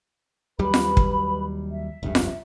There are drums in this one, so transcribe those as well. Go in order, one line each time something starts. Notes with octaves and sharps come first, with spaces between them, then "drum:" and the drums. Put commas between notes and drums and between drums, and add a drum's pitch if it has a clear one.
D#2 F#3 G3 B4 B5
drum: snare F4
drum: kick
E5
F1 C#2 G2
drum: snare F4